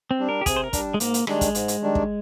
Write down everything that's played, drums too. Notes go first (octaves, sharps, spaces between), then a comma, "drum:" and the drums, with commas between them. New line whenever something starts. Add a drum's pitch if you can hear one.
C4
G3 D4
A#4
G4
C3 G#4, drum: kick, hi-hat
C5
A#4
G3 D4, drum: kick, hi-hat
G#3
G#2 A#3, drum: hi-hat
drum: hi-hat
D#3 G3 G#3 D4, drum: rim click
drum: kick, hi-hat
G#2, drum: hi-hat
drum: hi-hat
D#3 G3 D4
drum: kick